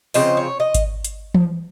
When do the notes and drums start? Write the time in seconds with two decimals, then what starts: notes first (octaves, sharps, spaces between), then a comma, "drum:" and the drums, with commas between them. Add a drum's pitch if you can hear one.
0.14 C#3 F3 C4 D#5, drum: open hi-hat
0.37 C#5
0.60 D#5
0.75 drum: kick G#1, hi-hat
1.04 drum: hi-hat
1.34 drum: tom E3